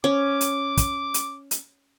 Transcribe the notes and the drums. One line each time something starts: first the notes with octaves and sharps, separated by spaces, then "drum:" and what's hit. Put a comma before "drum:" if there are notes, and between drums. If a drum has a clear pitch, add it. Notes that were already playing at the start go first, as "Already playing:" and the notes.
C#4 D6
drum: hi-hat
drum: kick, hi-hat
drum: hi-hat
drum: hi-hat